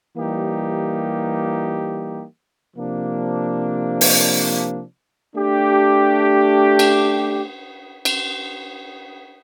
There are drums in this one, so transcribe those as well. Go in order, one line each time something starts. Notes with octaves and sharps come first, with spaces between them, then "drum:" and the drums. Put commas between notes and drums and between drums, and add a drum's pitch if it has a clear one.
E3 G3 A#3 D#4 G4
C3 F3 A#3 D4
drum: open hi-hat
A3 D4 G4
drum: cymbal
drum: cymbal